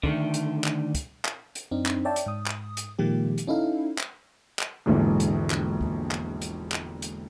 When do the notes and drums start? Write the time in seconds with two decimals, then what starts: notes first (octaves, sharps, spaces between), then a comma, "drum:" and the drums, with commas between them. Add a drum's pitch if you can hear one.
0.03 D3 D#3 A3, drum: kick
0.34 drum: hi-hat
0.64 drum: clap
0.95 drum: kick, hi-hat
1.25 drum: clap
1.55 drum: hi-hat
1.71 F#2 C4 D4 D#4
1.86 drum: clap
2.05 C#5 D5 E5 G5 A5
2.16 drum: hi-hat
2.26 G#2 D#6
2.47 drum: clap
2.77 drum: hi-hat
2.99 A#2 D#3 F3 G#3 A#3 G4
3.38 drum: hi-hat
3.47 C#4 D#4 E4 A4 F5
3.98 drum: clap
4.59 drum: clap
4.86 E1 A#1 G#2 D3 E3
5.20 drum: hi-hat
5.50 drum: clap
5.81 drum: kick
6.11 drum: clap
6.42 drum: hi-hat
6.72 drum: clap
7.02 drum: hi-hat